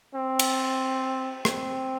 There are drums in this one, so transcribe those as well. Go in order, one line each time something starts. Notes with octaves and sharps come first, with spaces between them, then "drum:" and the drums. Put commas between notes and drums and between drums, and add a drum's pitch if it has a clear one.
C4
drum: cymbal
C4, drum: rim click